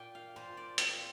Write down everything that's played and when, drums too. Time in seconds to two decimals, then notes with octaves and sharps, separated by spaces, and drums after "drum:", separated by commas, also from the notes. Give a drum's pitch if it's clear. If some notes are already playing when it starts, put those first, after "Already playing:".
Already playing: A#2 G5
0.15 F5
0.36 A#2 C5
0.57 D5
0.78 C4 F5, drum: hi-hat